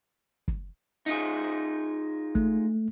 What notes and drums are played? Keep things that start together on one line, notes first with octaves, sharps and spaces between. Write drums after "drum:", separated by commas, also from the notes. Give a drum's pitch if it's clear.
drum: kick
D#4 F4 G#4, drum: hi-hat
A3, drum: kick